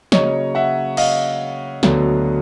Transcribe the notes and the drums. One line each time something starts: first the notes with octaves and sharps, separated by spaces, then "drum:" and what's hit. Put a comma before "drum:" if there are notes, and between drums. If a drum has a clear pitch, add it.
C#3 F#3 A#3 C#5 D#5, drum: snare
E5 F#5
D#5 F5, drum: cymbal
D2 D3 F#3 B3, drum: snare